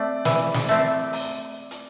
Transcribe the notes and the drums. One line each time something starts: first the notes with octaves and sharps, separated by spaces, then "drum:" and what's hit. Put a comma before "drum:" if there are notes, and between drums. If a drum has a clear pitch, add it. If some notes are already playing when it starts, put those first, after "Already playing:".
Already playing: A3 C4 D5
E3, drum: snare
drum: snare
A3 C4
drum: open hi-hat
drum: hi-hat